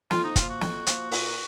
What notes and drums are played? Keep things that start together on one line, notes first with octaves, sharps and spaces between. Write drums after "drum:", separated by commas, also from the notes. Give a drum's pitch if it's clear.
F2 F4, drum: snare
D#4
F3 A#3 F4, drum: kick, hi-hat
F#4
F2, drum: snare
F3 A#3, drum: hi-hat
A#2, drum: open hi-hat